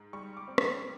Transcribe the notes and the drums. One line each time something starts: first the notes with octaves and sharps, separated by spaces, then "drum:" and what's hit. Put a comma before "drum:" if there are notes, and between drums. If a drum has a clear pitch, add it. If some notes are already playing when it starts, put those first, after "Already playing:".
Already playing: G#2
G3 C#6
D6
C4
drum: rim click